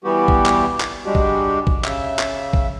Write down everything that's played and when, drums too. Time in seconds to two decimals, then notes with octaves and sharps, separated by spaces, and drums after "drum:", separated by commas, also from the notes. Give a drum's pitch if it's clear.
0.04 E3 G3 B3 F#4 G4
0.28 drum: kick
0.46 drum: clap
0.80 drum: clap
1.05 G3 G#3 D4 F#4 G4
1.15 drum: kick
1.67 drum: kick
1.84 C#3 E5, drum: clap
2.19 drum: clap
2.53 drum: kick